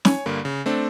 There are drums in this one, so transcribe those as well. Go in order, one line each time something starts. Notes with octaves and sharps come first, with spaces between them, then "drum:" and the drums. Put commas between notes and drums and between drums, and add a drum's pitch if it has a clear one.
C#5 G#5, drum: snare
G2 D3 A#3
C#3
A3 C4 D4